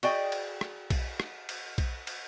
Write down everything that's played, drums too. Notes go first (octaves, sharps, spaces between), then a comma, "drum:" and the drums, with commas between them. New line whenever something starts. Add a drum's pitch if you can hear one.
F#4 G#4 D5 D#5 G5, drum: cymbal
drum: cymbal
drum: rim click
drum: kick B1, cymbal
drum: rim click
drum: cymbal
drum: kick B1, cymbal
drum: cymbal